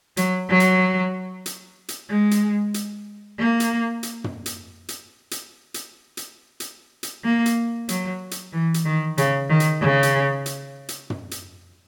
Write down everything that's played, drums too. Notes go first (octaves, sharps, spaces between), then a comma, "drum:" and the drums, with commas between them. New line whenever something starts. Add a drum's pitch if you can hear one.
F#3, drum: hi-hat
F#3
drum: hi-hat
drum: hi-hat
drum: hi-hat
G#3
drum: hi-hat
drum: hi-hat
A#3
drum: hi-hat
drum: hi-hat
drum: tom
drum: hi-hat
drum: hi-hat
drum: hi-hat
drum: hi-hat
drum: hi-hat
drum: hi-hat
drum: hi-hat
A#3
drum: hi-hat
F#3, drum: hi-hat
drum: hi-hat
E3
drum: hi-hat
D#3
C#3, drum: hi-hat
D#3
drum: hi-hat
C#3
drum: hi-hat
drum: hi-hat
drum: hi-hat
drum: tom
drum: hi-hat